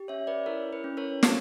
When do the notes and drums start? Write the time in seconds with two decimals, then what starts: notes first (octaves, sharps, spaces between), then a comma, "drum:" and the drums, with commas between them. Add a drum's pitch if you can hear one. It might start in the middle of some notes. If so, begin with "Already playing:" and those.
Already playing: G4
0.08 C#4 C#5 E5
0.27 B4 D5
0.46 E4 A#4 C#5
0.73 B4
0.84 C#4
0.97 A#4 C#5
1.23 G4, drum: snare